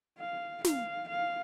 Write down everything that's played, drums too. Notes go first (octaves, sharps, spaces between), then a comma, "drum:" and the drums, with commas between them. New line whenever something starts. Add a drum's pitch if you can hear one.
F5
F5, drum: snare
F5